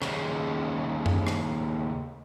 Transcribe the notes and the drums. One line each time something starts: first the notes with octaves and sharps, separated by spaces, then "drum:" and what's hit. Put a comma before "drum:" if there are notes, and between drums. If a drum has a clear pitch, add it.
D#2 C#3, drum: rim click
drum: tom F#2
drum: rim click